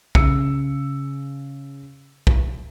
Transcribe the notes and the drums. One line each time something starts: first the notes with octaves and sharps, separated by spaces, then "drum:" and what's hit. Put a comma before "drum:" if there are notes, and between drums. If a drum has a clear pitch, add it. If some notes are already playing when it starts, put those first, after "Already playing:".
C#3 E6 C#7, drum: kick
drum: kick